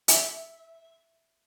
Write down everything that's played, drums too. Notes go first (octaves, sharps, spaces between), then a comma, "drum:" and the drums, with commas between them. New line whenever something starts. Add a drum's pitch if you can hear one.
E5, drum: hi-hat